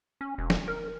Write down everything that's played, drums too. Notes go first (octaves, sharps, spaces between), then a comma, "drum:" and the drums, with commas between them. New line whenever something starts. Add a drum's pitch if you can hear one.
C#4
E1
drum: snare
A#4